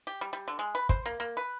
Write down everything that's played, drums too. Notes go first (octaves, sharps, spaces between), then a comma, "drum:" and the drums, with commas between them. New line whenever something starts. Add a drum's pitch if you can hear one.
G4
G3
G3
D3
G#3
B4
C5, drum: kick
A#3
A#3
B4